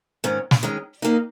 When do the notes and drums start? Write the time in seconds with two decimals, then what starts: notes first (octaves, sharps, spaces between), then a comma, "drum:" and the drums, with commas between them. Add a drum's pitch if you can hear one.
0.24 G#2 D#3 C#4
0.51 drum: snare
0.63 D#3 G#3 C#4
1.02 D#3 A#3 D#4